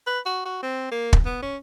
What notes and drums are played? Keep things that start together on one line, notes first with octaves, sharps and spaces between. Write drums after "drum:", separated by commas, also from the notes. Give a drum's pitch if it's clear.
B4
F#4
F#4
C4
A#3
drum: kick
B3
C#4